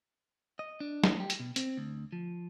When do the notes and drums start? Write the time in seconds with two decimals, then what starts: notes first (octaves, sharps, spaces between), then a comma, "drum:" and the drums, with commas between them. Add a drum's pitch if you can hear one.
0.59 D#5
0.80 D4
1.04 drum: snare
1.20 G4
1.30 drum: hi-hat
1.39 B2
1.56 C4, drum: hi-hat
1.77 D2
2.13 F3